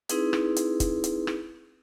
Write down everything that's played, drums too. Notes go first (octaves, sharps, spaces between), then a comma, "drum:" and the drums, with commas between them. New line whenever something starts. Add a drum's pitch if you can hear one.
C4 D#4 E4 G#4 B4, drum: hi-hat
drum: rim click
drum: hi-hat
drum: kick, hi-hat
drum: hi-hat
drum: rim click